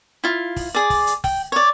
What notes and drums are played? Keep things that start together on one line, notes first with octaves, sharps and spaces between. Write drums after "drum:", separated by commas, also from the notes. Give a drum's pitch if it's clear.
E4 F4
drum: kick, open hi-hat
G#4 D5
drum: kick, open hi-hat
drum: hi-hat
G5, drum: kick, open hi-hat
C#5 D5